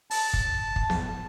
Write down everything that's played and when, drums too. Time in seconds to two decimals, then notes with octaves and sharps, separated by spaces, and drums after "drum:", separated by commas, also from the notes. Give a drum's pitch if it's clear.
0.11 A5, drum: open hi-hat
0.33 drum: kick
0.76 drum: kick
0.90 drum: snare